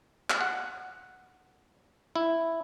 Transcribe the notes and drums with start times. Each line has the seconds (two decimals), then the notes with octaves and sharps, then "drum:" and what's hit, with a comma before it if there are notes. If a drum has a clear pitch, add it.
0.30 drum: clap
0.41 F#5
2.15 E4